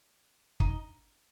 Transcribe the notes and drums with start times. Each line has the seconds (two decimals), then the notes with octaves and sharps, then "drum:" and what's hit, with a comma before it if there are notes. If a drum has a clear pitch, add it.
0.60 D#4, drum: kick